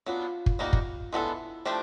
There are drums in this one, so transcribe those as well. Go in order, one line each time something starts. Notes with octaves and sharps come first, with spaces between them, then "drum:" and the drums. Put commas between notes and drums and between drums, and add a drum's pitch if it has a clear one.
F#3 B3 D4 F4
drum: kick
G3 A#3 D#4 F#4
drum: kick
G#3 B3 D4 E4 F#4 A4
F3 A3 D4 G4